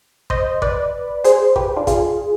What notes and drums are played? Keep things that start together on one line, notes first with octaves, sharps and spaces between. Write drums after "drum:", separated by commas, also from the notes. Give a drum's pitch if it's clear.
C5 D#5, drum: kick A1
B4 D5, drum: kick A1
G#4 C5, drum: hi-hat
G4 B4, drum: kick A1
D4 F4
F4 G#4, drum: kick A1, hi-hat